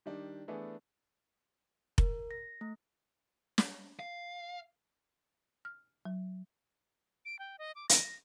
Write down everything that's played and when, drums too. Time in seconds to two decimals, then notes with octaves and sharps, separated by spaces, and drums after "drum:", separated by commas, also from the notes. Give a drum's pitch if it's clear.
0.06 D#3 G3 D4
0.48 E3 A3 B3 D4 G#4
1.98 A#4, drum: kick F1
2.31 A#6
2.61 A3
3.58 drum: snare
3.99 F5
5.65 F6
6.05 F#3
7.25 D7
7.39 G5
7.59 D#5
7.75 D6
7.89 A#6, drum: hi-hat